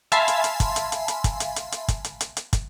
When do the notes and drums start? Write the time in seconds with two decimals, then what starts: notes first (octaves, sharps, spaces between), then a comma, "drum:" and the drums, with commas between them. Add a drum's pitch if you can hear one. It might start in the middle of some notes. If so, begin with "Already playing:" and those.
0.12 E5 F5 G#5 A5 B5 C6, drum: hi-hat
0.28 drum: hi-hat
0.44 drum: hi-hat
0.60 drum: kick, hi-hat
0.76 drum: hi-hat
0.92 drum: hi-hat
1.08 drum: hi-hat
1.24 drum: kick, hi-hat
1.40 drum: hi-hat
1.56 drum: hi-hat
1.72 drum: hi-hat
1.88 drum: kick, hi-hat
2.05 drum: hi-hat
2.21 drum: hi-hat
2.37 drum: hi-hat
2.53 drum: kick, hi-hat